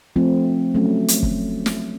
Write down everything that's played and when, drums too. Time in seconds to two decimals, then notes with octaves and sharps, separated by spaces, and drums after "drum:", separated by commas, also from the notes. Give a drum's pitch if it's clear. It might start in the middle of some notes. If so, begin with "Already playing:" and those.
0.16 F3 A3 C4 F4
0.75 F#3 A3 C#4
1.08 drum: hi-hat
1.23 drum: kick
1.66 drum: snare